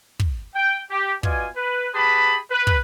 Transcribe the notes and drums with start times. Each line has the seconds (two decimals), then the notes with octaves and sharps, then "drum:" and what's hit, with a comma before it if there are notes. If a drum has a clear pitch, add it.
0.20 drum: kick
0.55 G5
0.91 G4
1.23 B2 F4 D5 G#5, drum: kick
1.56 B4
1.94 G4 G#4 B4 A5 B5
2.51 B4
2.67 drum: kick